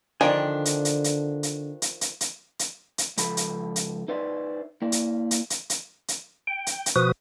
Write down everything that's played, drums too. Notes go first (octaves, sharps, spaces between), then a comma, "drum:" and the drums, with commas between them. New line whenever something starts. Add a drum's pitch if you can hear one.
D3 D#3 F3 D4 D5 G5 G#5
drum: hi-hat
drum: hi-hat
drum: hi-hat
drum: hi-hat
drum: hi-hat
drum: hi-hat
drum: hi-hat
drum: hi-hat
drum: hi-hat
C#2 F3 A4 B5, drum: hi-hat
drum: hi-hat
drum: hi-hat
D#4 B4 C5 D5 E5
A#3 E4 D5
drum: hi-hat
drum: hi-hat
drum: hi-hat
drum: hi-hat
drum: hi-hat
G5
drum: hi-hat
drum: hi-hat
B2 F3 F#4 B4 D#6